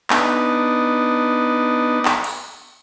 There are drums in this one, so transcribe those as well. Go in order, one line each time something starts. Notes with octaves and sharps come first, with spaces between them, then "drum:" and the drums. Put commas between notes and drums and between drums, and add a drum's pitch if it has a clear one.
B3 D4 D#4, drum: clap
drum: clap
drum: cymbal